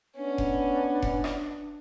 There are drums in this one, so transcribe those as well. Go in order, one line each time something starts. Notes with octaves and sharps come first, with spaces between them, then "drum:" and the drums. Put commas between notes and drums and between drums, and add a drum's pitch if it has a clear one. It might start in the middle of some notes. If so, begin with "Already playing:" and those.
B3 C#4 D4
drum: kick F1
drum: kick F1
drum: rim click